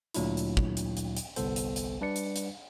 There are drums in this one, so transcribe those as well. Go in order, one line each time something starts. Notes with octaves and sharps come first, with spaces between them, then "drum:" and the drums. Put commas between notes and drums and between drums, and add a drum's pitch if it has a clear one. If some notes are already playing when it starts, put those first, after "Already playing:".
D2 A#2 F#3 D4 E4, drum: hi-hat
drum: hi-hat
drum: kick
drum: hi-hat
drum: hi-hat
drum: hi-hat
G1 C2 B3 A4 C5, drum: hi-hat
drum: hi-hat
drum: hi-hat
G3 D4 B4 D5 C#7
drum: hi-hat
drum: hi-hat